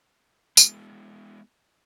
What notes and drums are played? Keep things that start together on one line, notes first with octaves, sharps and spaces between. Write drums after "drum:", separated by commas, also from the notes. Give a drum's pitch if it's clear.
G#3 B3 E4 G#4, drum: tambourine